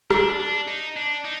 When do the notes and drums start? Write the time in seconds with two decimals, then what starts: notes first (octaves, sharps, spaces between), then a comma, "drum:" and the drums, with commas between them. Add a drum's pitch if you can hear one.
0.10 D4, drum: rim click
0.40 D4
0.67 D#4
0.96 D4
1.25 D#4